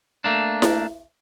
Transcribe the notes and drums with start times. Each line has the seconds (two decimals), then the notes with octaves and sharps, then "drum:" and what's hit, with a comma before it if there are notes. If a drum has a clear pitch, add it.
0.24 A3 A#3 D4
0.62 drum: snare E4